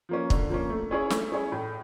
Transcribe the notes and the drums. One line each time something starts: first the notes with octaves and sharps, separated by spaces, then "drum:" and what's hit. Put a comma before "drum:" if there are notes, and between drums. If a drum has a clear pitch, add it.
F3 A#3 C#4
D3, drum: kick
F3 A#3 C#4
A3
C#4 E4 G#4 C#5
A3, drum: snare
C#4 E4 G#4 C#5
A2